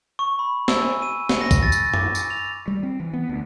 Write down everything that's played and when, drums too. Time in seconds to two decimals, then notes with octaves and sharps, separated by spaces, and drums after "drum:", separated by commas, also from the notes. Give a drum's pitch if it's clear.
0.19 C#6
0.39 B5
0.68 E6, drum: snare
0.81 G#5
1.02 D#7
1.29 drum: snare
1.41 A#6
1.51 drum: kick, tambourine
1.63 A6
1.72 drum: tambourine
1.94 D6, drum: tom F#2
2.15 drum: tambourine
2.30 F7
2.68 G3
2.83 C4
3.00 E3
3.14 B3
3.29 D2